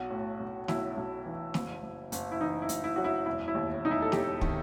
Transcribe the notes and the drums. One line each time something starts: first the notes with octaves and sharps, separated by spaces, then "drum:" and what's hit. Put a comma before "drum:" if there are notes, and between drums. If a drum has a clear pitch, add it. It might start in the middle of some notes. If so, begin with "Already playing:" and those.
Already playing: B1 F#4
A2
B1
B1 E4, drum: snare
B1
E3
F#1, drum: snare
F#1
F#1, drum: hi-hat
E4
E3 D#4
E4
F#1, drum: hi-hat
E4
F#2 F#4
E4
E1 E4
E4
D#2
E1 D#4
E4
A4
E1 G4, drum: snare
D#3, drum: kick